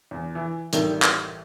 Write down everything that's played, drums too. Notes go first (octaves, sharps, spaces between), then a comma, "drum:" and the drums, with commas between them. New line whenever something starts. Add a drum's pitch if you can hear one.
E2
E3
A1 D#3 G3 A3, drum: hi-hat
drum: clap